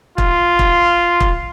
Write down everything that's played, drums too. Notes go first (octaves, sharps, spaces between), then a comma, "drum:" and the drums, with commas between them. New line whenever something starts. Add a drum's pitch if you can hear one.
F4, drum: kick
drum: kick
drum: kick